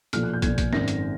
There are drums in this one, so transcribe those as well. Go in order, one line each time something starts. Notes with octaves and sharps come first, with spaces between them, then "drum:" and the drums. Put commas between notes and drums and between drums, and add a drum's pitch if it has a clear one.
B1 A#2 F3 F6, drum: hi-hat
F#6
G6
B1 A#2 F3 G#6, drum: kick, hi-hat
drum: kick, hi-hat
G#1 F#2 D#3 A#6, drum: snare
drum: hi-hat